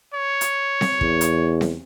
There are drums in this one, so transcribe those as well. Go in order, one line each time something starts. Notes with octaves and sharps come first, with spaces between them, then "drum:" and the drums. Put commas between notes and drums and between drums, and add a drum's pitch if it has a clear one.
C#5
drum: hi-hat
drum: snare C4
E2, drum: kick
drum: hi-hat
drum: snare C4